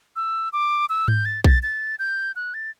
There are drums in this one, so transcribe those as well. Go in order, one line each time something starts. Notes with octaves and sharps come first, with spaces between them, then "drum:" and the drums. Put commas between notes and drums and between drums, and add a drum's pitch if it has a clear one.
E6
D6
E6
G6, drum: tom G#2
A6
A6, drum: kick B1
A6
G6
F#6
A6